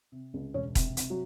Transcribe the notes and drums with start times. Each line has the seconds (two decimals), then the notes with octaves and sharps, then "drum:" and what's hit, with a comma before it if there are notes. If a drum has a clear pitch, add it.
0.12 C3
0.34 C#2
0.54 E1 C#4 C#5
0.75 C3, drum: kick E1, hi-hat
0.97 C3, drum: hi-hat
1.10 F#3 F#4